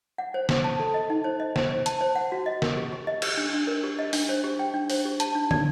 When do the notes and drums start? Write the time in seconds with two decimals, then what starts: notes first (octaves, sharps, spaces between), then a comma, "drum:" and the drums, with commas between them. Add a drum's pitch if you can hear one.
0.18 F#5
0.34 C5
0.49 C5, drum: snare
0.64 A5
0.79 A4
0.94 D#5
1.10 D#4
1.24 C5
1.40 D#5
1.56 C5, drum: snare
1.71 C5
1.86 A5, drum: hi-hat
2.01 C5
2.16 F#5
2.32 F#4
2.46 D#5
2.62 A#4, drum: snare
2.77 G4
2.92 G4
3.07 D#5
3.22 G4, drum: cymbal
3.37 D4
3.53 D4
3.67 A#4
3.83 G4
3.99 D#5
4.13 D4, drum: open hi-hat
4.29 C5
4.44 G4
4.59 G5
4.74 D4
4.90 C5, drum: open hi-hat
5.05 G4
5.20 A5, drum: hi-hat
5.35 D4
5.51 D5, drum: tom